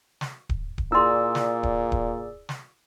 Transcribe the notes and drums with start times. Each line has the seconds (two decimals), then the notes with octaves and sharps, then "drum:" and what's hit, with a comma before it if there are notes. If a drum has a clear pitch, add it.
0.21 drum: snare
0.49 drum: kick D1
0.78 drum: kick D1
0.92 A#2 E4 G#4 D5 C6 E6
1.35 drum: snare
1.63 drum: kick D1
1.92 drum: kick D1
2.49 drum: snare